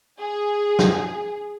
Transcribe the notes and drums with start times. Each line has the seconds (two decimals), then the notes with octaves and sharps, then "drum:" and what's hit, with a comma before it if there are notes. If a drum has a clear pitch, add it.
0.21 G#4
0.79 drum: snare